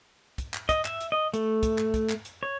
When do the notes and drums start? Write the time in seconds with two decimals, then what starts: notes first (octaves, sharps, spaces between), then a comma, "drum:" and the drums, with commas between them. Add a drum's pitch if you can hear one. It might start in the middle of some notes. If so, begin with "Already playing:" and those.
0.38 drum: kick, hi-hat
0.54 drum: clap
0.69 D#5, drum: kick, hi-hat
0.85 E5, drum: clap
1.00 drum: hi-hat
1.12 D#5
1.34 A3, drum: hi-hat
1.63 drum: kick, hi-hat
1.78 drum: clap
1.94 drum: kick, hi-hat
2.09 drum: clap
2.25 drum: hi-hat
2.43 C#5